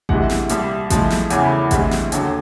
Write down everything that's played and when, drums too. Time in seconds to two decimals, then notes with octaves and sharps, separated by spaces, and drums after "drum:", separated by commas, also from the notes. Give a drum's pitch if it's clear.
0.09 D2 C3 E3 G#3 F#5, drum: kick A1
0.30 drum: snare
0.49 C2 A#2 G3, drum: hi-hat
0.90 A2 F3 G#3, drum: kick A1, hi-hat
1.10 drum: snare
1.30 E2 C#3 E3 A3 G#5, drum: hi-hat
1.44 B5
1.71 D2 C3 E3 G#3, drum: kick A1, hi-hat
1.91 drum: snare
2.12 D#2 D3 F#3, drum: hi-hat